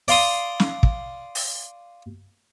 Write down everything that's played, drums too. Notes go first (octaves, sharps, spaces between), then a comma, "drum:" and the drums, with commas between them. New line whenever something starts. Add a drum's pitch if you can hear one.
D5 F5 C6 D#6, drum: open hi-hat
drum: snare
drum: kick
drum: open hi-hat